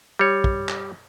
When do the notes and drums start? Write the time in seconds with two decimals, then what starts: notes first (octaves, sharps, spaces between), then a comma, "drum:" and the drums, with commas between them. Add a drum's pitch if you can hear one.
0.19 G3 C#5
0.44 drum: kick
0.69 drum: clap